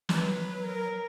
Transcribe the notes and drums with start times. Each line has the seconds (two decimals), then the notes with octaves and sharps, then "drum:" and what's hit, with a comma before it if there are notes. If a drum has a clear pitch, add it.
0.09 E3, drum: snare
0.13 F#3 B4
0.67 A#4